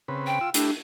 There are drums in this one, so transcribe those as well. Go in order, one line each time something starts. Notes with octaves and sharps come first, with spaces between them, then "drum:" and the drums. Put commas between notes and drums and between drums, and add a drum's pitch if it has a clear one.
C#3 C4 B4
G5
F4 E6
A3 D4 E4 G4, drum: hi-hat